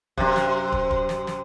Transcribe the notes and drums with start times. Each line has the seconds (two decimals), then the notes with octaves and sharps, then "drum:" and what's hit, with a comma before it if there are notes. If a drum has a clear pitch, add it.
0.17 F#2 C3, drum: kick
0.36 drum: snare
0.72 drum: kick
0.91 drum: kick
1.09 drum: snare
1.27 drum: snare